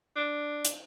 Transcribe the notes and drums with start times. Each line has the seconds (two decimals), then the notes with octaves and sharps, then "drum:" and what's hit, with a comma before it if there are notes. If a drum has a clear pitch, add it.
0.16 D4
0.65 drum: hi-hat